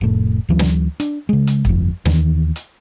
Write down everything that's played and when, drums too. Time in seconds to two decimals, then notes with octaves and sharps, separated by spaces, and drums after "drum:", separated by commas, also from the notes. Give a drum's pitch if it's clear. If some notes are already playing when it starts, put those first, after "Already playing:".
0.01 F1 A2
0.49 D2 E3 F#3
0.59 drum: snare
1.00 D4, drum: hi-hat
1.29 C#3 G#3
1.47 drum: hi-hat
1.65 G1 F2, drum: kick
2.05 D#2 D#3 E3, drum: snare
2.56 drum: hi-hat